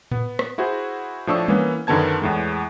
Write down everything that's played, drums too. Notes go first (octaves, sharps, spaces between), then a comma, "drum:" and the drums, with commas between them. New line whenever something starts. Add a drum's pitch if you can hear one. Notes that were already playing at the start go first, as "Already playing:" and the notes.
B3, drum: tom A2
drum: rim click
E4 F#4 G#4 C5
A2 F3 D4 C#6 E6
E3 A#3 B3 C#4, drum: tom G3
F#2 D3 D#3 B3 A5 G#6
E2 A2 G#3